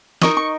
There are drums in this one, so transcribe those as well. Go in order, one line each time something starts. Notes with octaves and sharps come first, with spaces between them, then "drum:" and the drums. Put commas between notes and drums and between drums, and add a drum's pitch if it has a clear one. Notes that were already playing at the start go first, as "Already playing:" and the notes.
D#4 A#4 D#5 C#6, drum: snare
C#6